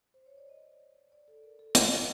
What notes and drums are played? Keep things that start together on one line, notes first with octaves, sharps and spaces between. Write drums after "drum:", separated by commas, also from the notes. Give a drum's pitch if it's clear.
C5
C#5
D5
D#5
D5
A4
A#4
A4
A#4, drum: hi-hat